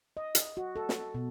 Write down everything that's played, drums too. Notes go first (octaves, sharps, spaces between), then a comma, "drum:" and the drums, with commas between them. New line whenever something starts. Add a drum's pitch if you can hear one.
D#5
drum: hi-hat
F#4
A4
drum: snare
B2